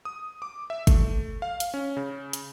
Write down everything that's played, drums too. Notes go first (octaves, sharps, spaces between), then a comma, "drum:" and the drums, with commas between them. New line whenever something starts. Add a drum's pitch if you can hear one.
D#6
D6
E5
A3, drum: kick, hi-hat
F5
drum: hi-hat
C#4
C#3
drum: hi-hat